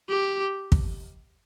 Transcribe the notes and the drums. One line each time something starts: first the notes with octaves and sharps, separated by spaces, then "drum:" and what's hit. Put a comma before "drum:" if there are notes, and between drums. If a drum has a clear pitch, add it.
G4
drum: kick